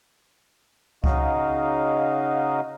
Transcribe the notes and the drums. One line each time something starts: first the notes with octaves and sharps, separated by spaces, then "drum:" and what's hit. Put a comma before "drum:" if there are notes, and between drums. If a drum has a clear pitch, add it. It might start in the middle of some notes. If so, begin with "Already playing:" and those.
C#3 D#4 F#4 D#5 F5, drum: kick C#2